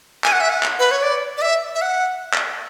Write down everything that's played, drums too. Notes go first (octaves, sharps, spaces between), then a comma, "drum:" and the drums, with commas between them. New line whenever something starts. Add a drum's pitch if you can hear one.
G#5, drum: clap
F#5
E5
F#5
drum: clap
B4
C#5
D5
D5
E5
E5
F#5
drum: clap